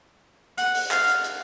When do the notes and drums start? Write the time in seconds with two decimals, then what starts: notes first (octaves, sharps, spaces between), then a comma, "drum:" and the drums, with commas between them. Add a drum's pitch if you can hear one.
0.58 F#5, drum: hi-hat
0.75 drum: open hi-hat
0.91 F5, drum: clap
1.08 drum: hi-hat
1.24 drum: hi-hat